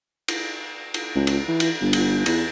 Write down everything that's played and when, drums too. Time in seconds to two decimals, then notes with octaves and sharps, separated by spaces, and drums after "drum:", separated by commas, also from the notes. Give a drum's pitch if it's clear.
0.28 drum: cymbal
0.94 drum: cymbal
1.15 C#2
1.27 drum: cymbal
1.48 E3
1.60 drum: cymbal
1.81 G1
1.93 drum: cymbal
2.26 E2, drum: cymbal